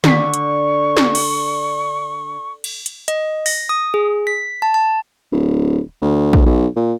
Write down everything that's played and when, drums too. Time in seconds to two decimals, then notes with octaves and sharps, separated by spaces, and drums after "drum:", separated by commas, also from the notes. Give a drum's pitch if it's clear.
0.04 D3 D#3 C#6 B6, drum: snare
0.34 drum: hi-hat
0.97 drum: snare
1.15 drum: cymbal
2.64 drum: cymbal
2.86 drum: hi-hat
3.08 D#5, drum: hi-hat
3.46 A#6, drum: open hi-hat
3.69 D#6
3.94 G#4
4.27 B6
4.62 A5
4.74 A5
5.31 D1
6.01 D2
6.33 drum: kick A#1
6.46 B1
6.76 A#2